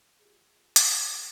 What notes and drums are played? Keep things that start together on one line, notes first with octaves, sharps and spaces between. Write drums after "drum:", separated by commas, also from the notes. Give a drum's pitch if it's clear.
F4 G4 G#4
C#5 A5, drum: hi-hat
G#4 C5 A#5 B5 C#6